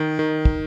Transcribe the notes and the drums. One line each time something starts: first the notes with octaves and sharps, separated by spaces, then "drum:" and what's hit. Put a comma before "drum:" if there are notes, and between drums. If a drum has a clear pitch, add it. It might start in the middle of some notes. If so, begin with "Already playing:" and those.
Already playing: D#3
D#3
drum: kick